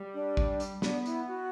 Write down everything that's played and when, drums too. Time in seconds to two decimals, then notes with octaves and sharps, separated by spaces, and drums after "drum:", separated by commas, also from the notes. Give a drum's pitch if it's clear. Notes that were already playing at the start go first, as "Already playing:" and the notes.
Already playing: G3
0.14 D4
0.37 drum: kick
0.60 drum: hi-hat
0.82 B3 D4, drum: snare
1.06 E4, drum: hi-hat
1.27 F#4